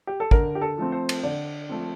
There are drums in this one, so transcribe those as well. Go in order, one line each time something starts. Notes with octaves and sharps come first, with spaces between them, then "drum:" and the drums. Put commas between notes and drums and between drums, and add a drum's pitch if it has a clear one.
G4
A4
D3 A#4, drum: kick
G4
A4
F3 A3 C4
C5
drum: cymbal
D3 D5
F3 A3 C4